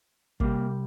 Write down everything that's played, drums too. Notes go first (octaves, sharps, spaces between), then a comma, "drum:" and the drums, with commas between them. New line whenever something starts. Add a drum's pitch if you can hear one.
C2 C3 G3 A#3, drum: kick